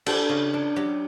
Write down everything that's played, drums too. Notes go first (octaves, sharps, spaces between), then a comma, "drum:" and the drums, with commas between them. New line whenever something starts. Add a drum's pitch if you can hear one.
D4 A4, drum: cymbal
C#3
D4
F#3 G4